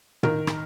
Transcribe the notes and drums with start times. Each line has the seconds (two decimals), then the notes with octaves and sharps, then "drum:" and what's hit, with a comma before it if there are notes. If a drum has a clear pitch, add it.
0.23 D#3 A#4, drum: tom
0.47 drum: rim click